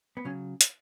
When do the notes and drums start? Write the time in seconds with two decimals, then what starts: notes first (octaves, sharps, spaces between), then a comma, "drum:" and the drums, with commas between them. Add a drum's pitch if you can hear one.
0.17 B3
0.25 C#3 F#3 C#4
0.61 drum: hi-hat